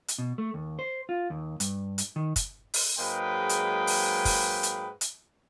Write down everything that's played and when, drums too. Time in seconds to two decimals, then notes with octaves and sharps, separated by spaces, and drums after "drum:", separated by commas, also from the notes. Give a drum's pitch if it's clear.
0.08 drum: hi-hat
0.18 B2
0.38 A3
0.54 D#2
0.79 C5
1.09 F4
1.30 D#2
1.60 G2, drum: hi-hat
1.98 drum: hi-hat
2.16 D#3
2.36 drum: kick, hi-hat
2.74 drum: open hi-hat
2.98 G#2 F#3 G#3 A#3 B4 G5
3.49 drum: hi-hat
3.87 drum: open hi-hat
4.25 drum: kick, open hi-hat
4.63 drum: hi-hat
5.01 drum: hi-hat